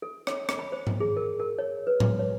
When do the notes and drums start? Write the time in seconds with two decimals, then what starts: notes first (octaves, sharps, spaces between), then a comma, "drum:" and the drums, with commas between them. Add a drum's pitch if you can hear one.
0.02 A4
0.27 C#5, drum: rim click
0.49 drum: rim click
0.59 B5
0.72 C5
0.87 drum: tom G#2
1.00 G#4
1.17 A#4
1.40 A#4
1.58 C#5
1.87 B4
2.00 drum: tom A2
2.19 C#5